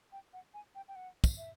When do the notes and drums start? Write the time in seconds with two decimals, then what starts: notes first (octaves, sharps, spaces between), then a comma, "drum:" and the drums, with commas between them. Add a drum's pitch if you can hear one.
0.12 G5
0.33 F#5
0.54 G#5
0.75 G5
0.88 G5
0.96 F#5
1.24 drum: kick, tambourine
1.37 E5